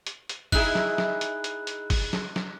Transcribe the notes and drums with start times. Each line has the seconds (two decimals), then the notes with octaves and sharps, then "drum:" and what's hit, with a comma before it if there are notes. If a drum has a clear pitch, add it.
0.07 drum: hi-hat
0.29 drum: hi-hat
0.52 D#4 E4 G#4 F#6, drum: kick, open hi-hat
0.75 drum: snare
0.98 drum: snare
1.21 drum: hi-hat
1.44 drum: hi-hat
1.67 drum: hi-hat
1.90 drum: kick, open hi-hat
2.13 drum: snare
2.36 drum: snare